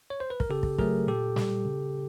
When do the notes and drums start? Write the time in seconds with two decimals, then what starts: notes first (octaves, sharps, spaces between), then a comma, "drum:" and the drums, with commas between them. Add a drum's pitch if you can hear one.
0.10 C#5
0.20 C5
0.30 B4
0.40 A#4, drum: kick
0.50 C#3 G4 A4
0.63 drum: kick
0.78 F#3 A3 G#4 A#4, drum: kick
1.07 A#2 G4 A4
1.36 G3, drum: snare
1.65 C#3